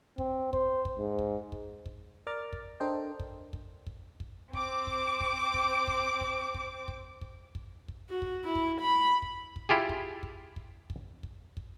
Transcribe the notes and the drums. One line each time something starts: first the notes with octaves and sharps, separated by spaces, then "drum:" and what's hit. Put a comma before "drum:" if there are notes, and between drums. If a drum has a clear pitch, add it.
C4, drum: kick
C5, drum: kick
drum: kick
G#2
drum: kick
drum: kick
drum: kick
A#4 D5 A#5 D6 F6 A6
drum: kick
D4 A4 A#4 C5 D#5 G5
drum: kick
drum: kick
drum: kick
drum: kick
C4 D6, drum: kick
drum: kick
drum: kick
drum: kick
drum: kick
drum: kick
drum: kick
drum: kick
drum: kick
drum: kick
drum: kick
F#4
drum: kick
E4
drum: kick
B5
drum: kick
drum: kick
E4 F4 G4 G#4
drum: kick
drum: kick
drum: kick
drum: kick
drum: kick
drum: kick